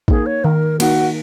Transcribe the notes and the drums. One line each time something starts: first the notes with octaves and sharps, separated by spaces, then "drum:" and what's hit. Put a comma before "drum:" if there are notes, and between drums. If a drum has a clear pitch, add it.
A#3 D#4 G#4, drum: kick
C#5
D#3 A#4
A#3 D#4 F#4, drum: cymbal